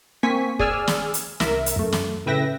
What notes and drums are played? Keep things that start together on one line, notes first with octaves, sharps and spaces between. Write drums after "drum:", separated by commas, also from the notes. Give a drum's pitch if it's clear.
A#3 C4 G#5 C#6 B6
G#4 D5 G#5 E6 F6, drum: kick
drum: snare
drum: hi-hat
C2 A#4 E5, drum: snare
drum: hi-hat
F#2 A3
drum: snare
A2 C#3 B4 E5 G5 A#6